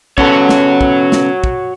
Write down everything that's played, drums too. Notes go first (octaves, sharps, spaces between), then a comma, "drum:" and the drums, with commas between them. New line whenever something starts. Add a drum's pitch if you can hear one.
C#3 B3 F#4 A4 C#5, drum: kick
drum: snare
drum: kick
drum: snare
drum: kick